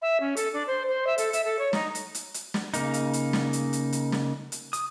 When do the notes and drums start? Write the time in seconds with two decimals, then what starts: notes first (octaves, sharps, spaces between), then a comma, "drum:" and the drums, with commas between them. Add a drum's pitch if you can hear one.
0.02 E5
0.20 C#4
0.37 A4, drum: hi-hat
0.53 D4
0.67 C5
0.88 C5
1.07 E5
1.18 A4, drum: hi-hat
1.33 E5, drum: hi-hat
1.45 A4
1.59 C#5
1.73 D#4, drum: snare
1.95 drum: hi-hat
2.15 drum: hi-hat
2.34 drum: hi-hat
2.54 drum: snare
2.74 C#3 A#3 D#4, drum: hi-hat
2.94 drum: hi-hat
3.13 drum: hi-hat
3.33 drum: snare
3.53 drum: hi-hat
3.73 drum: hi-hat
3.93 drum: hi-hat
4.12 drum: snare
4.52 drum: hi-hat
4.73 D#6, drum: hi-hat